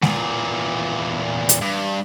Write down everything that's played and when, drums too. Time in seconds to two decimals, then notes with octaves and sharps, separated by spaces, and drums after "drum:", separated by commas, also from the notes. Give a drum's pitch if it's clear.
0.02 E2 A#2, drum: snare G#3
1.49 drum: hi-hat
1.61 G2